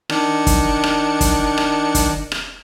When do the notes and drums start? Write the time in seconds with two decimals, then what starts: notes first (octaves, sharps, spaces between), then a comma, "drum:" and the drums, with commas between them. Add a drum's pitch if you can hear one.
0.10 D#3 D4 C#7, drum: rim click
0.47 drum: kick, hi-hat
0.84 drum: rim click
1.21 drum: kick, hi-hat
1.58 drum: rim click
1.95 drum: kick, hi-hat
2.32 drum: rim click